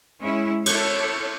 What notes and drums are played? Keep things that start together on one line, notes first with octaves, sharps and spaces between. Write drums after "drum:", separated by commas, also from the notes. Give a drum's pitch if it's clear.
G#3 C#4 E4
E4 A4 C#5, drum: cymbal